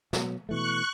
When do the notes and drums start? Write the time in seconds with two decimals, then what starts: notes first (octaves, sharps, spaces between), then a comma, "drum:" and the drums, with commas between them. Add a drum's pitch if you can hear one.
0.13 B2 F#3, drum: snare
0.49 B2 E3 A3 C#6 F#6